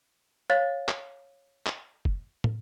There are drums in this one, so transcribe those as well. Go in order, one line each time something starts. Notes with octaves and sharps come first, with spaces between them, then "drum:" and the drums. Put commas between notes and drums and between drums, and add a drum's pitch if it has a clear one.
C#5 F5 A6
drum: clap
drum: clap
drum: kick F1
drum: tom